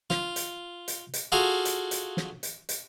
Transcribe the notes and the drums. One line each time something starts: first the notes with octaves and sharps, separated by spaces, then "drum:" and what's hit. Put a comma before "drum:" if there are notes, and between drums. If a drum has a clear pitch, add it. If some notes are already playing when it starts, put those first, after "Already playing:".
F4, drum: snare
drum: hi-hat
drum: hi-hat
drum: hi-hat
F4 F#4 G#4 A4 F5
drum: hi-hat
drum: hi-hat
drum: snare
drum: hi-hat
drum: hi-hat